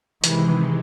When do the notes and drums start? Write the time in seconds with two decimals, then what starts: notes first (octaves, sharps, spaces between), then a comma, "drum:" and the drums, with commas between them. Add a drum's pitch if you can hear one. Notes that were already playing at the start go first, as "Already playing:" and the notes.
0.24 C3 D#3 E3 G#3, drum: hi-hat